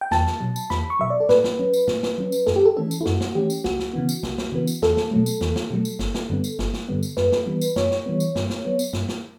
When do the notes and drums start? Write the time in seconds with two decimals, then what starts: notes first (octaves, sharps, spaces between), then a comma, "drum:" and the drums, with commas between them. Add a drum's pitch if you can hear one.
0.01 G5
0.11 E2 A5, drum: snare
0.26 drum: snare
0.41 B2 F#3
0.56 drum: tambourine
0.70 E2 B5, drum: snare
0.90 C#6
0.99 B2 F#3 E5
1.10 D5
1.20 A4
1.29 A2 B4, drum: snare
1.44 drum: snare
1.59 F#3 C#4
1.73 drum: tambourine
1.88 A2, drum: snare
2.03 drum: snare
2.18 F#3 C#4
2.32 drum: tambourine
2.47 F#2 A4, drum: snare
2.56 G4
2.66 A4
2.77 E3 A3 C#4 A4
2.91 drum: tambourine
3.01 E4
3.05 F#2 F#4, drum: snare
3.20 drum: snare
3.35 E3 A3 C#4 G4
3.50 drum: tambourine
3.64 C#2 F#4, drum: snare
3.79 drum: snare
3.94 C#3 E3 B3
4.09 drum: tambourine
4.23 C#2, drum: snare
4.38 drum: snare
4.52 C#3 E3 B3
4.67 drum: tambourine
4.82 E2 A4, drum: snare
4.97 drum: snare
5.11 B2 F#3 A3
5.26 drum: tambourine
5.41 E2, drum: snare
5.56 drum: snare
5.71 B2 F#3 A3
5.85 drum: tambourine
5.99 G1, drum: snare
6.14 drum: snare
6.30 G2 D3 G3 B3
6.44 drum: tambourine
6.59 G1, drum: snare
6.73 drum: snare
6.89 G2 D3 G3 B3
7.03 drum: tambourine
7.17 F#2 B4, drum: snare
7.32 drum: snare
7.46 E3 G3 B3
7.61 drum: tambourine
7.76 F#2 C#5, drum: snare
7.91 drum: snare
8.06 E3 G3 B3
8.20 drum: tambourine
8.36 G2, drum: snare
8.50 drum: snare
8.65 F#3 B3
8.79 drum: tambourine
8.93 G2, drum: snare
9.08 drum: snare